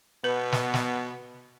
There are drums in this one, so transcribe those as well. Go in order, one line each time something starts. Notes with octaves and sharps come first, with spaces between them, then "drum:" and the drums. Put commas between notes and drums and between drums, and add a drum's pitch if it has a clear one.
B2 B3 B4
drum: snare
drum: snare